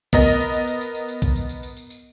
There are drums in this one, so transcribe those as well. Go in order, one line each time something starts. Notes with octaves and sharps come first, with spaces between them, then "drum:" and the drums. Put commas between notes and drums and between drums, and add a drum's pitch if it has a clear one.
B3 A#4 D#5, drum: kick B1, tambourine
drum: tambourine
drum: tambourine
drum: tambourine
drum: tambourine
drum: tambourine
drum: tambourine
drum: tambourine
drum: kick B1, tambourine
drum: tambourine
drum: tambourine
drum: tambourine
drum: tambourine
drum: tambourine